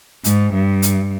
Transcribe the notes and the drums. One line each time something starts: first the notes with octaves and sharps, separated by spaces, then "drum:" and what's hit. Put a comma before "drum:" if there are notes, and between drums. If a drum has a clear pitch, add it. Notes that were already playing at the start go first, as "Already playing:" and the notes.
G#2, drum: hi-hat
G2
drum: hi-hat